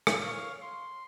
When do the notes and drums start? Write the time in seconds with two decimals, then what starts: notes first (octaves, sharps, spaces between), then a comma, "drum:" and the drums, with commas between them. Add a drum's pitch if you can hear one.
0.07 drum: rim click
0.21 C#5 F5 C#6
0.61 C6